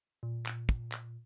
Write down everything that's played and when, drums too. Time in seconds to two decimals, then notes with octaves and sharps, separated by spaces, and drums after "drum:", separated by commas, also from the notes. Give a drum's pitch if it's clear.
0.23 A#2
0.46 drum: clap
0.69 drum: kick
0.92 drum: clap